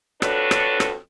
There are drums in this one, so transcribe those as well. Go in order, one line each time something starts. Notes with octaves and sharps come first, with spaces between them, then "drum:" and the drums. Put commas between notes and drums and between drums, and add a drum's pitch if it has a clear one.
F2 D4 F#4 A4 B4 C#5, drum: rim click
drum: rim click
drum: rim click